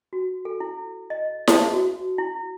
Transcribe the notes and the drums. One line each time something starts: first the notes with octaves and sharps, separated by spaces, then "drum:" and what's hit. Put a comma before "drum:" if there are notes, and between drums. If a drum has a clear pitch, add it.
F#4
A4
E4
D#5
A5, drum: snare E4
F#4
E4